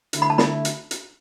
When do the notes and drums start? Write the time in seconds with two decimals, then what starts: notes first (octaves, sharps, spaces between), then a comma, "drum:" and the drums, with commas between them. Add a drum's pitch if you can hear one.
0.13 D3 A3 E4, drum: hi-hat
0.22 B5
0.30 A5
0.38 B5, drum: snare
0.65 drum: hi-hat
0.91 drum: hi-hat